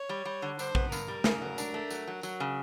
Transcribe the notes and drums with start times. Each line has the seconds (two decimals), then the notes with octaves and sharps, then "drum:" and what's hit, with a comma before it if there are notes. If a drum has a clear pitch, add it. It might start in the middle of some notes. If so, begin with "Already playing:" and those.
Already playing: C#5
0.09 G3
0.25 G3
0.42 D3
0.59 G2 C5, drum: tambourine
0.75 B3, drum: kick
0.92 G2 A#4, drum: tambourine
1.08 G3
1.24 C#3, drum: snare
1.42 F#3
1.58 D4, drum: tambourine
1.74 A3
1.90 F#3, drum: tambourine
2.07 F#3
2.23 F#3, drum: tambourine
2.40 C#3